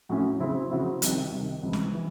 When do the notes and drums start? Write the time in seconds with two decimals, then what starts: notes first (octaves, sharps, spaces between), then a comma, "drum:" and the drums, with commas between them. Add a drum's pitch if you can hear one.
0.09 A2 F#3 A3 C#4 E4
0.40 C#3 F#3 C4 E4
0.71 C#3 F#3 C4 E4
1.02 C2 C3 D#3, drum: hi-hat
1.32 C2 C3 D#3
1.63 C#2 C3 E3
1.73 drum: snare
1.95 E3